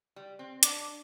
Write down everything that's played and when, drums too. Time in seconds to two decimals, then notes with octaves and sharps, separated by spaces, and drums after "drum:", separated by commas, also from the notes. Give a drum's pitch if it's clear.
0.16 G3
0.39 C4
0.63 D4 D6, drum: hi-hat